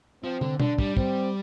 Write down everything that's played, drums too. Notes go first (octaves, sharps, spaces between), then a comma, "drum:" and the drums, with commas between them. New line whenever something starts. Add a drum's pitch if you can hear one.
F3 C4
D3, drum: tom
D3 D4, drum: tom B2
G3, drum: kick
C4, drum: kick